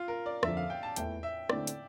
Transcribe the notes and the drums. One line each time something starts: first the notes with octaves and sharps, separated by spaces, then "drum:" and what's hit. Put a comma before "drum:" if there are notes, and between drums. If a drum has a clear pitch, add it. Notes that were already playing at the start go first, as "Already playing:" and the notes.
Already playing: F4
A#4
D5
F2 D3 F3 E5, drum: rim click
F5
G5
A5
E2 E3 A3 E4 G5, drum: hi-hat
E5
D3 A3 C4 E4 D5, drum: rim click
drum: hi-hat